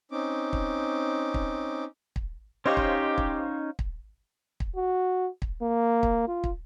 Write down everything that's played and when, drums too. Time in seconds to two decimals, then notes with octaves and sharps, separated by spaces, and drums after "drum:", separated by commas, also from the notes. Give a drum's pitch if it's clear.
0.11 C4 C#4 D#4 D6
0.53 drum: kick
1.34 drum: kick
2.16 drum: kick
2.66 C#4 D#4 G4 C5 C#5 D#5 F5
2.77 drum: kick
3.18 drum: kick
3.79 drum: kick
4.60 drum: kick
4.76 F#4
5.42 drum: kick
5.62 A#3
6.03 drum: kick
6.28 F4
6.44 drum: kick